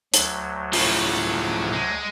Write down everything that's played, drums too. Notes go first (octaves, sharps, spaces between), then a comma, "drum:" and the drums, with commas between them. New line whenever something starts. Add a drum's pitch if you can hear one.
D2 F#3, drum: hi-hat
A2 C#3 F3, drum: open hi-hat
G#3